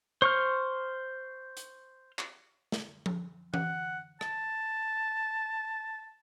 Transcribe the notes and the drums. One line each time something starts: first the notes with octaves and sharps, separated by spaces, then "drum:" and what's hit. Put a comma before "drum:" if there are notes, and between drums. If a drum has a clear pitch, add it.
C5 C#6 F6
drum: hi-hat
drum: clap
drum: snare
drum: tom F3
F#5, drum: tom E3
A5, drum: rim click